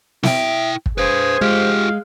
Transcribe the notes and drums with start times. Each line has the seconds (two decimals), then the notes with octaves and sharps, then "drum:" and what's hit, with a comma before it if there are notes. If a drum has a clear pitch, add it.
0.23 E4 E5 G5, drum: snare
0.86 drum: kick
0.98 G#4 B4 C5 F5
1.41 G#3 F4 G4 F5